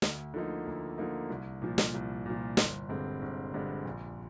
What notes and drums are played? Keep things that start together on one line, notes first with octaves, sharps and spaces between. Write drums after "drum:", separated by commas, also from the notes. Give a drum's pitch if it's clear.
D2, drum: snare
D3 F3 A#3 D#4
D2
D3 F3 A#3 D#4
C2
A#2 F3
drum: snare
C2
A#2 F3
G1, drum: snare
G2 D3 G#3 C4
G1
G2 D3 G#3 C4
A#1